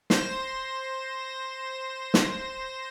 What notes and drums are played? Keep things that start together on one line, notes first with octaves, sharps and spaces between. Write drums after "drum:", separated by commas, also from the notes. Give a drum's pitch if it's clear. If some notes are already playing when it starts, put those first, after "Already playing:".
C5 A#6 E7, drum: snare
drum: snare